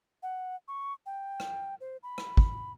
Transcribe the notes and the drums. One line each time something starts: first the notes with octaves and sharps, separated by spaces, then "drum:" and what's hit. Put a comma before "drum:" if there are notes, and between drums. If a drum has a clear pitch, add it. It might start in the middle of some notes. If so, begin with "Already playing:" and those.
F#5
C#6
G5
drum: rim click
C5
B5
drum: rim click
drum: kick